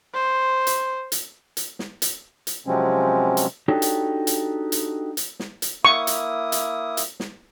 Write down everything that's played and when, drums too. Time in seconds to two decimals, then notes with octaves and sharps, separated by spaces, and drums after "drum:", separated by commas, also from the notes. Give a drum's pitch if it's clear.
0.14 C5
0.67 drum: hi-hat
1.12 drum: hi-hat
1.57 drum: hi-hat
1.79 drum: snare
2.02 drum: hi-hat
2.47 drum: hi-hat
2.67 C3 F3 F#3 G#3 C4 C#4
3.37 drum: hi-hat
3.68 D4 D#4 F#4 G4 A4 C#5
3.82 drum: hi-hat
4.27 drum: hi-hat
4.72 drum: hi-hat
5.17 drum: hi-hat
5.40 drum: snare
5.62 drum: hi-hat
5.85 A#3 E4 C#6 D#6
6.07 drum: hi-hat
6.52 drum: hi-hat
6.97 drum: hi-hat
7.20 drum: snare